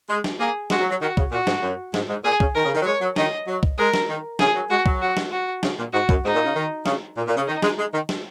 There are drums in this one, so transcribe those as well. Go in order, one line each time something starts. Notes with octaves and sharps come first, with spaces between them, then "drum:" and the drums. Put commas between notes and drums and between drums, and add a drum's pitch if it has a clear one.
G#3
drum: snare
A#3 G#4
G#3 F#4, drum: snare
F#3
F#3
D#3 F#4
C#3, drum: kick C2
A#2 F#4
G#2, drum: snare
F#2
G#2, drum: snare
G#2
A#2 G#4
C#3, drum: kick C2
D#3 A#4
C#3
D#3
F#3
G#3 C#5
F#3
D#3 D#5, drum: snare
F#3
drum: kick C2
G#3 A#4
drum: snare
D#3
C#3 G#4, drum: snare
F#3
G#3 F#4
F#3, drum: kick C2
F#4
drum: snare
F#4
C#3, drum: snare
A#2
G#2 F#4
F#2, drum: kick C2
G#2 D#4
A#2
C#3
D#3
C#3, drum: snare
A#2
A#2
C#3
D#3 D#4
G#3, drum: snare
G#3
D#3
drum: snare